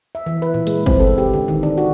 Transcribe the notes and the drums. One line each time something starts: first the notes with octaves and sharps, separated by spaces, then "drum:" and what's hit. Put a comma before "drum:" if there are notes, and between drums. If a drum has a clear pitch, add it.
E5
E3
B4
A#2
G#3, drum: hi-hat
C4, drum: kick
A4
G4
D3
D#3
D4
F#4